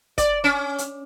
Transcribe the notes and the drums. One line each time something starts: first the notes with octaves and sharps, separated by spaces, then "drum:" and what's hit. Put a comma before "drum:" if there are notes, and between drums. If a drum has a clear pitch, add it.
D5, drum: kick, hi-hat
C#4
drum: hi-hat